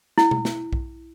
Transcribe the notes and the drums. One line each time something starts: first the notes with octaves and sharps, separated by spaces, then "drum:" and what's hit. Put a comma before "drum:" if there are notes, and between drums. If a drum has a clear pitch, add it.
E4, drum: snare
drum: tom B2
drum: snare
drum: kick B1